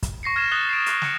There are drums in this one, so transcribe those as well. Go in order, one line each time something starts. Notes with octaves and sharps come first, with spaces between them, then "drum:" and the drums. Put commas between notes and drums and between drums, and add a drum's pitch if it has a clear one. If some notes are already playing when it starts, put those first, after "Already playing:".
drum: kick, hi-hat
C#6 A#6 C7 C#7
F6 G#6 A6 E7
D#6 F#6 A6 G7
C7 D7
C#6 D#6 F#6 C7 D#7, drum: hi-hat
F#6 C#7, drum: snare